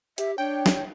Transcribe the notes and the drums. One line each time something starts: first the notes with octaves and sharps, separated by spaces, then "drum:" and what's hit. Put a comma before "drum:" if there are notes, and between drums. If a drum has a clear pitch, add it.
G4 E5, drum: hi-hat
D4 C#5 G5
drum: snare